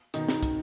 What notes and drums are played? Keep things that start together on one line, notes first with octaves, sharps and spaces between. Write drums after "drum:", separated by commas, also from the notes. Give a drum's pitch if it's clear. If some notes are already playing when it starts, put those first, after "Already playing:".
B2 D#3 D#4, drum: hi-hat
drum: snare
drum: kick, hi-hat